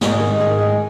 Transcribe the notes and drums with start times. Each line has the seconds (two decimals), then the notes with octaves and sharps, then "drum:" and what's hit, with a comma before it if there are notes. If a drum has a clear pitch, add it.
0.01 G#2 G#4, drum: snare
0.20 D#3
0.40 G#2 G#4
0.59 D#3